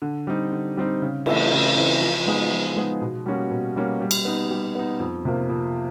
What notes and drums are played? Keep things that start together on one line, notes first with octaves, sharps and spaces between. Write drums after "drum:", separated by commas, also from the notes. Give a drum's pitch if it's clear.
D3
G3 C4 D#4
D3
G3 C4 D#4
C#3
E3 A3 C4 E4, drum: cymbal
C#3
E3 A3 C4 E4
F3
G#3 B3 D#4 G#4
F3
G#3 B3 D#4 G#4
B2
G3 A#3 C#4 F#4
B2
G3 A#3 C#4 F#4
G3
drum: cymbal
B3 D#4
G3
B3 D#4
F2
C3 F3 A#3
F2